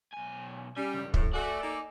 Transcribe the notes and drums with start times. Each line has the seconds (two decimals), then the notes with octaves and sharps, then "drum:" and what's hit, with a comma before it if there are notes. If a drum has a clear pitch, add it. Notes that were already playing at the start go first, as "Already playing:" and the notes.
0.13 B1 G#5
0.77 G3 C#4 G#5
0.94 C#2 G2
1.14 A2 F3, drum: kick
1.34 A3 F#4 D5 G#5
1.61 A#3 D#4 A4